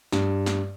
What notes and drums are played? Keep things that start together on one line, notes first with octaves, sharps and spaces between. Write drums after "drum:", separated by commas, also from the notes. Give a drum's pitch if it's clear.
G2, drum: snare
drum: snare